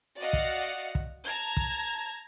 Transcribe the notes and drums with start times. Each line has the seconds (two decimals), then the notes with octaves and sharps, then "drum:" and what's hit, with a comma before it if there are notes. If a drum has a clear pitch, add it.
0.18 F#4 D5 D#5 F5 F#5
0.33 drum: kick
0.95 drum: kick
1.26 A5 A#5 G#6
1.57 drum: kick